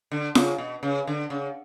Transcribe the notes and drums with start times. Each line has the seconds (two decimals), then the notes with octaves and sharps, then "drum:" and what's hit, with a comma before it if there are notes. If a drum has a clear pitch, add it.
0.12 D3
0.35 C#3, drum: snare F4
0.58 B2
0.83 C#3
1.07 D3
1.30 C#3